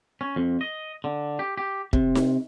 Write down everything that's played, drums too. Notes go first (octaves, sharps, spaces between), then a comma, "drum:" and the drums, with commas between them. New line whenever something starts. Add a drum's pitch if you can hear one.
C#4
F2
D#5
D3
G4
G4
C3, drum: kick
drum: snare D#4